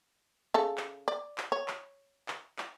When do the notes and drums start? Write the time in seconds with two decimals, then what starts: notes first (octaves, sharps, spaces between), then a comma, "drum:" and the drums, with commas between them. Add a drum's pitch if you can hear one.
0.54 C#3 A4
0.78 drum: clap
1.08 D5
1.38 drum: clap
1.52 C#5
1.68 drum: clap
2.28 drum: clap
2.58 drum: clap